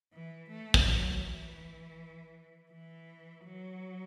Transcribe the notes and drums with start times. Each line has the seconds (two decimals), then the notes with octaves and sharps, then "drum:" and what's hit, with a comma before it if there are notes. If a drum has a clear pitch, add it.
0.13 E3
0.50 A3
0.74 drum: kick
0.87 F#3
1.25 E3
2.71 E3
3.46 F#3